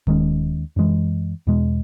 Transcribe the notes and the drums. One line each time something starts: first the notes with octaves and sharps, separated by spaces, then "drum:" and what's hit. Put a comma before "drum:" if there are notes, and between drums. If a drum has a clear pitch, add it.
D#2 D#3 G#3 C#4, drum: kick D#1
F#2 E3 G#3
E2 B2 G#3